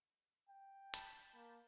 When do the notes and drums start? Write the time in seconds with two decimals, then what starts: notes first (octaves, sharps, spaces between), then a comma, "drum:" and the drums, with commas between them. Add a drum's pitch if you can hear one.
0.49 G5
0.94 A5 B5 G6, drum: hi-hat
1.36 A#3